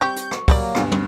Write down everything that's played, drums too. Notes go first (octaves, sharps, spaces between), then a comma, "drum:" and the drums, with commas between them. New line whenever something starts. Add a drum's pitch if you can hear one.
G3 C4 G4 C#6 G6
drum: hi-hat
drum: rim click
F#3 G3 A#3 G#4 D5, drum: kick, open hi-hat
D2 G2 B2, drum: rim click
drum: tom